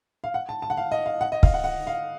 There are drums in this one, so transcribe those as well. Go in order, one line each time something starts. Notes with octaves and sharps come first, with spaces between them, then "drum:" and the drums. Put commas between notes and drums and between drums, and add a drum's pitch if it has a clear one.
F5
F#5
A5
A5
F#5
F5
D#5
F5
F#5
D#5
F5, drum: kick
F#5
F#5
F5